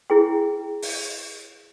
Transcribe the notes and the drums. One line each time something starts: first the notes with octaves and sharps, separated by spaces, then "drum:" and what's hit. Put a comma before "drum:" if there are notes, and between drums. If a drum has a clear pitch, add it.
E4 G#4 G5
drum: open hi-hat